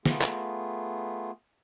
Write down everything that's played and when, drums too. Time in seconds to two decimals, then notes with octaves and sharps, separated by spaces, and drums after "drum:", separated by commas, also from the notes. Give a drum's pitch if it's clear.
0.06 A3 B3 F4 G#4, drum: snare
0.21 drum: clap